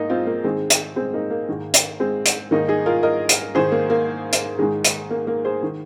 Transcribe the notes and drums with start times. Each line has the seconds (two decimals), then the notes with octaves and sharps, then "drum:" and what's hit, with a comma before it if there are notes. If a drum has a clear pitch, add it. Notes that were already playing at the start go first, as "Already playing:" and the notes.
Already playing: G#2 G#3 A#3 D#4
0.10 C4 F4
0.27 A#3
0.44 G#2 D#3 G#3 C4
0.70 drum: hi-hat
0.96 G#3 C4
1.14 A#3 D#4
1.30 A#3
1.49 G#2 D#3
1.74 drum: hi-hat
2.00 G#3 C4
2.26 drum: hi-hat
2.51 G#2 D#3 A#3 D#4
2.68 D#4 G#4
2.86 F4 A#4
3.03 A#4 D#5
3.29 drum: hi-hat
3.55 G#2 D#3 G#4 C5
3.72 A#3
3.90 A#3
4.33 drum: hi-hat
4.59 G#2 D#3 G#3
4.85 drum: hi-hat
5.10 A#3
5.27 A#3
5.45 G#4 C5
5.63 D#3